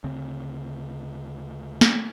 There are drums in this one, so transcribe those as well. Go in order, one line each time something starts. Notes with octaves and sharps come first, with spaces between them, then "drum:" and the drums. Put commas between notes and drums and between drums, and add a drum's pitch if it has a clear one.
D2 C#3 C4
drum: snare